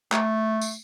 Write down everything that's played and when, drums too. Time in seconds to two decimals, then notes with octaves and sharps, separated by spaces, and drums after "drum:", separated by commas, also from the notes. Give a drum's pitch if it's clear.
0.12 A3, drum: clap
0.62 drum: tambourine